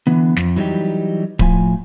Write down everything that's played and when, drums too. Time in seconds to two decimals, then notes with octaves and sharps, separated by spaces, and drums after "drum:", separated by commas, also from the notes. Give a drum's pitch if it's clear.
0.07 D3 E3 B3
0.36 F2, drum: snare
0.56 E3 F#3 G3 D#4 G4
1.39 A2 F3 G#5, drum: kick D1